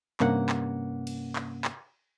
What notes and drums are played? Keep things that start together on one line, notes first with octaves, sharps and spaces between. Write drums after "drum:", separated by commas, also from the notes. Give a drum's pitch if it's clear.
G2 C3 A#3 C#4 F#5, drum: clap
drum: clap
drum: cymbal
drum: clap
drum: clap